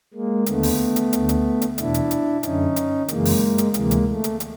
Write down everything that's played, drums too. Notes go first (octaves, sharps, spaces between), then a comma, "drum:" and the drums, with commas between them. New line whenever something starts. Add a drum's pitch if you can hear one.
G#3 A#3
D#2 D3 A3 B3, drum: hi-hat
drum: open hi-hat
drum: hi-hat
D2 D3, drum: hi-hat
drum: hi-hat
drum: hi-hat
E2 B2 D4 E4, drum: hi-hat
drum: hi-hat
drum: hi-hat
F#2 D3 C#4 D#4, drum: hi-hat
drum: hi-hat
F#2 C#3 E3 G#3 A#3, drum: hi-hat
drum: open hi-hat
drum: hi-hat
D2 C3 E3 G#3 A#3, drum: hi-hat
drum: hi-hat
A3
drum: hi-hat
drum: hi-hat